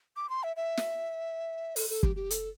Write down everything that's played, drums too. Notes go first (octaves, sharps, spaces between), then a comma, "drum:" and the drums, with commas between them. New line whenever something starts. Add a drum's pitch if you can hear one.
D6
C6
E5
E5
drum: snare
A4, drum: open hi-hat
A4
G4, drum: kick
G4
A4, drum: hi-hat